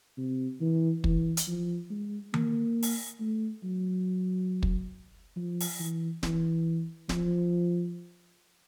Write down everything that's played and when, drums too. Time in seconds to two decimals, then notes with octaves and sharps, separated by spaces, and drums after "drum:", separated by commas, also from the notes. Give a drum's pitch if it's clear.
0.17 C3
0.61 E3
1.04 E3, drum: kick
1.37 drum: hi-hat
1.47 F3
1.90 G#3
2.34 A#3, drum: tom D#3
2.83 drum: open hi-hat
3.20 A3
3.64 F#3
4.63 drum: kick
5.36 F3
5.60 drum: open hi-hat
5.79 E3
6.23 E3, drum: snare D1
7.09 F3, drum: snare D1